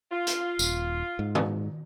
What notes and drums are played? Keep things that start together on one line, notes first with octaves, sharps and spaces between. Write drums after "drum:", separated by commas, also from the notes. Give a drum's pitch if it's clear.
F4
drum: hi-hat
D#1, drum: tambourine
G#2
drum: tom D#3